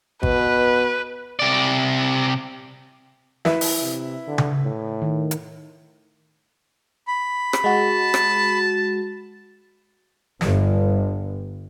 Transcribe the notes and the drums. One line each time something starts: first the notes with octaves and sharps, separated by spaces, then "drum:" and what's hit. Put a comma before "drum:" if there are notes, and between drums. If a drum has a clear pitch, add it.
B2 B4, drum: kick G#1
C3 D5
E4 B4 E5, drum: snare
drum: open hi-hat
C3
D3
drum: tom C#3
A2
D#3
drum: hi-hat
B5
drum: rim click
G#3 F#4 A5
drum: rim click
G1, drum: snare